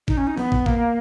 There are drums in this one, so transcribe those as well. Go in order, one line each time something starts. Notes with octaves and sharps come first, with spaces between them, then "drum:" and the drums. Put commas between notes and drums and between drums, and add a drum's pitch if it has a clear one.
D#4, drum: kick
C#4
D#4
B3, drum: tom E3
drum: kick
A#3, drum: kick